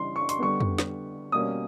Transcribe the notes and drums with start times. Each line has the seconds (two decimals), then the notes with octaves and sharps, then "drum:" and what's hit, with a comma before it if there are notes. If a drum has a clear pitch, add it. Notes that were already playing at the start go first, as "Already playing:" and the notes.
Already playing: C#3 E3 G3 C6
0.16 C#6
0.29 C6, drum: hi-hat
0.39 D3 G3 B3 C#6
0.60 drum: tom F2
0.78 drum: snare
1.32 B2 G3 A#3 C#4 D#6